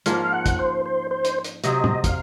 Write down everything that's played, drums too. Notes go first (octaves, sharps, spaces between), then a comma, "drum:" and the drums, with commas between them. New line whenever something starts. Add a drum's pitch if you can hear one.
G#2 F3 A#3 C#4 F5, drum: hi-hat
F#5
drum: kick, hi-hat
C5
C5
C5
drum: hi-hat
drum: hi-hat
C3 F#3 C4 D#5, drum: hi-hat
drum: tom
F5, drum: kick, hi-hat